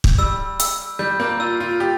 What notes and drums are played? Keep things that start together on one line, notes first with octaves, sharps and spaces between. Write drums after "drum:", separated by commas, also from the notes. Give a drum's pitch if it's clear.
drum: kick
G3 E6
E6, drum: hi-hat
G3 G6
A#3
F4 E6
F4
G4 A6